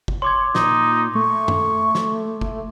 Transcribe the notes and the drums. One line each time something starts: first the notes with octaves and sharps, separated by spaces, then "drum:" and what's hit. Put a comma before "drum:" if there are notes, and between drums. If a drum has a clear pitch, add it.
drum: kick G1
C#5 C6 D6 G#6
A#2 D#4, drum: snare
A3 C#6
drum: tom F#2
drum: snare
drum: kick G1